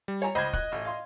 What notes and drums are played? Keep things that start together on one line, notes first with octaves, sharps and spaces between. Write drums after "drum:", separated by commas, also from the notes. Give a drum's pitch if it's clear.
G3
C#5 G#5 A#5
C#2 C5 D#5 B5 G#6
F#6, drum: kick
A1
F5 C6